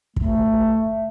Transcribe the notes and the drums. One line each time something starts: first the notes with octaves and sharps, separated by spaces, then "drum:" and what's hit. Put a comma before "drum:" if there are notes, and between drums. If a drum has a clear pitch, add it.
A3, drum: kick